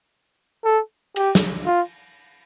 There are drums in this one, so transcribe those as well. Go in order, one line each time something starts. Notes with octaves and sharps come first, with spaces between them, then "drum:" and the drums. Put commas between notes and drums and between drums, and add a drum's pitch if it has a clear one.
A4
G4, drum: cymbal
drum: snare
F4